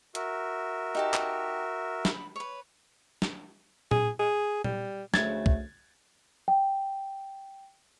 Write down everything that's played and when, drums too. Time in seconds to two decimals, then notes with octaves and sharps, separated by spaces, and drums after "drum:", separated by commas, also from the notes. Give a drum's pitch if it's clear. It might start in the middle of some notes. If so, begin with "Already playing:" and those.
0.15 F#4 A#4 E5, drum: hi-hat
0.95 D#4 G4 A5
1.14 drum: clap
2.05 B5, drum: snare
2.36 B4 C#5
3.22 drum: snare
3.91 G#4, drum: tom A#2
4.20 G#4
4.64 G3, drum: tom A#2
5.14 D2 C#3 A3 G#6 A6, drum: snare
5.46 drum: kick
6.48 G5